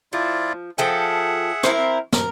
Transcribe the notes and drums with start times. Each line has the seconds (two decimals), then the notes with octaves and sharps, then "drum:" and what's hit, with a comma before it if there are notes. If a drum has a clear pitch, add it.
0.13 F3 E4 F4 D5
0.78 F3 G#4 A4 E5 F#5 G5
1.63 C4 E4 A#4, drum: rim click
2.13 A#4, drum: snare